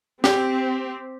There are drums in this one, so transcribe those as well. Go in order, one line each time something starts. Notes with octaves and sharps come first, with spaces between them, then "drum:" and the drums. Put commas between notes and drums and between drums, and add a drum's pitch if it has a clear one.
C4 G4, drum: snare